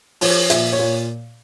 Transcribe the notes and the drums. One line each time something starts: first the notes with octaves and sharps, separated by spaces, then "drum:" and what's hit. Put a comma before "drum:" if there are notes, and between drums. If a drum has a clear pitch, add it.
F3 C#5, drum: open hi-hat
A#2 E5, drum: hi-hat
C#5
A#2